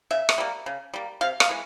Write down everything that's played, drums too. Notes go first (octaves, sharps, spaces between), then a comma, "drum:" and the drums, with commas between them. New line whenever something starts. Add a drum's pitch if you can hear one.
C#3 E5
drum: rim click
G3 A#3
C#3
G3 A#3
C3 F5
F5, drum: rim click
E3 G#3